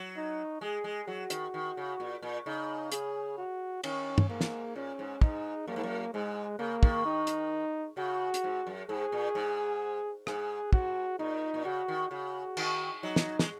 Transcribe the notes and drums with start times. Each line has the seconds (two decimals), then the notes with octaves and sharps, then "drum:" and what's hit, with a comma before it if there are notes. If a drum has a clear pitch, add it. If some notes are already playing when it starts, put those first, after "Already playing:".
Already playing: F#3
0.16 D#4
0.61 G#3 G#4
0.84 G#3
1.07 F#3 F#4
1.30 D#3, drum: hi-hat
1.54 D#3
1.77 C#3
2.00 A#2
2.22 A#2
2.46 C#3 D#4
2.92 G#4, drum: hi-hat
3.38 F#4
3.84 D#3 C#4, drum: cymbal
4.18 drum: tom
4.29 G#2 A#3
4.41 drum: snare
4.76 A#2 C#4
4.99 G#2
5.21 G#2 D#4, drum: kick
5.67 F#2 A#3
5.76 G#2
5.83 F#2
6.14 G#2 G#3
6.59 C#3 A#3
6.83 D#3, drum: kick
7.05 D#4
7.27 drum: hi-hat
7.97 C#3 F#4
8.34 drum: hi-hat
8.44 G#2
8.67 F#2
8.89 G#2 G#4
9.12 A#2
9.35 G#2
10.27 G#2 G#4, drum: rim click
10.73 G#2 F#4, drum: kick
11.19 A#2 D#4
11.54 A#2
11.65 C#3 F#4
11.88 D#3
12.11 C#3 F#4
12.57 D#3, drum: cymbal
13.03 F#3 D#4
13.16 drum: snare
13.39 G#3, drum: snare